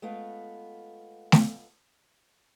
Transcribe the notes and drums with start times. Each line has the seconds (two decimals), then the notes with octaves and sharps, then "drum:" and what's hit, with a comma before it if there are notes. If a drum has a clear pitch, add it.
0.02 G#3 A3 B3 F4
1.32 drum: snare A3